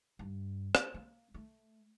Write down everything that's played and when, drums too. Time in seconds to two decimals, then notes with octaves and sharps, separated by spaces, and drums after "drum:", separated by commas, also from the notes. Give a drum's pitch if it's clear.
0.19 G2
0.75 drum: rim click
0.94 A#3
1.34 A3